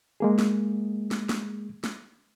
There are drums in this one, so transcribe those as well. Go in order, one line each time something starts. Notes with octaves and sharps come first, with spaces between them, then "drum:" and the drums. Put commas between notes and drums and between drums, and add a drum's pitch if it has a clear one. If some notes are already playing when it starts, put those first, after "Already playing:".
G#3 A#3 G#4
drum: snare
drum: snare
drum: snare
drum: snare